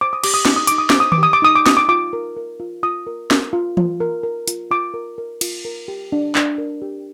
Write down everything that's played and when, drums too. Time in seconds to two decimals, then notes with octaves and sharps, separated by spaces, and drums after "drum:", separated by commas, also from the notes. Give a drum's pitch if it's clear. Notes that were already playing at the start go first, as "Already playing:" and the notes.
0.01 C5 D6
0.13 D#6
0.24 G4 D6, drum: cymbal
0.34 D#6
0.45 D#4 D6, drum: snare
0.56 D#6
0.67 D#4 D6, drum: hi-hat
0.78 D#6
0.90 D6, drum: snare
0.96 C5 D#6
1.12 D6, drum: tom D#3
1.18 G4 D#6
1.33 D6
1.42 D#4 D#6
1.56 D6
1.66 D#4 D#6, drum: snare
1.77 D6
1.89 F4 D6
2.13 A#4
2.37 A#4
2.60 F4
2.83 F4 D#6
3.07 A#4
3.31 A#4, drum: snare
3.53 F4
3.77 F4, drum: tom E3
4.00 A#4
4.23 A#4
4.48 F4, drum: hi-hat
4.71 F4 D6
4.94 A#4
5.18 A#4
5.41 F4, drum: cymbal
5.65 A#4
5.88 G4
6.12 D4
6.35 D4, drum: clap
6.58 A#4
6.82 G4